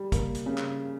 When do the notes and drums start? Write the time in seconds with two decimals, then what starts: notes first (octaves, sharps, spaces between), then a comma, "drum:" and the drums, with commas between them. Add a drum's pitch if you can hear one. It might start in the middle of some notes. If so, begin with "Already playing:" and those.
Already playing: G3
0.12 A#3, drum: kick, hi-hat
0.35 drum: hi-hat
0.46 C#3
0.58 drum: clap